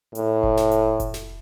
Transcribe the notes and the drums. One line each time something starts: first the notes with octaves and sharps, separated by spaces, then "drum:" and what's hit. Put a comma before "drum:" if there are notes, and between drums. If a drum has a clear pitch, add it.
A2, drum: hi-hat
drum: kick F1
drum: snare
drum: hi-hat
drum: kick F1, hi-hat
drum: snare